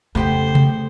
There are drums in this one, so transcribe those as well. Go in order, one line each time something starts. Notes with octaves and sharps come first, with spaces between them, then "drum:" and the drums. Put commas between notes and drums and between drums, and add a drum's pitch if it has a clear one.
F2 C#3 A3 B3 G4 C5 G5
drum: tom C3